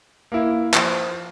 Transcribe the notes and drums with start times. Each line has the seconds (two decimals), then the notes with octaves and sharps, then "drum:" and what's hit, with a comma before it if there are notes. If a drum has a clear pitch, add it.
0.32 A#3 E4
0.74 F3, drum: clap